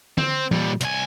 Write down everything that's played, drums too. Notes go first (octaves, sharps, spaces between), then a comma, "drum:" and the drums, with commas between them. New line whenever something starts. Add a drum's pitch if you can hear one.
C4, drum: tom D3
A#2 G3, drum: tom
C2 G#5, drum: hi-hat